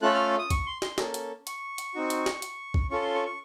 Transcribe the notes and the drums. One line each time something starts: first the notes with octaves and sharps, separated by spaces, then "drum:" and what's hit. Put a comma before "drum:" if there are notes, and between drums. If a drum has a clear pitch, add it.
A3 C#4 F4 A4 F#6
F6
D#6
C#6, drum: kick, hi-hat
C6
C6, drum: snare
A#3 C#4 A4, drum: snare
drum: hi-hat
C#6, drum: hi-hat
drum: hi-hat
C4 D#4 F#4
drum: hi-hat
drum: snare
drum: hi-hat
drum: kick
C#4 F4 A4 C#6
C6
C#6
C#6